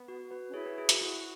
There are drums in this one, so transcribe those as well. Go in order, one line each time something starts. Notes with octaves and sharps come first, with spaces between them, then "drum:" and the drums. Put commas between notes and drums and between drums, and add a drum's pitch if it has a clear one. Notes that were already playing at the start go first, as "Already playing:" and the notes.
Already playing: B3
F#4
F#4 B4
C#4
E4 G#4 C#5
F#4 B4
G#4
F#4, drum: hi-hat
E4 F#4